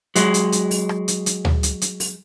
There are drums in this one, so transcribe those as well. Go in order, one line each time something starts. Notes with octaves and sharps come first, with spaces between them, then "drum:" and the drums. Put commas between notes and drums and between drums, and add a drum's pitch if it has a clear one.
F#3 G#3, drum: hi-hat
drum: hi-hat
drum: hi-hat
drum: open hi-hat
drum: rim click
drum: hi-hat
drum: hi-hat
drum: tom D2
drum: hi-hat
drum: hi-hat
drum: open hi-hat